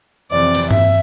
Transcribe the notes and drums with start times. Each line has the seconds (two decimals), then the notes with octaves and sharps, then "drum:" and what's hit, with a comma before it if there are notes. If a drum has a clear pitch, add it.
0.30 F2 C3 E3 D5
0.55 drum: cymbal
0.71 E5, drum: tom G2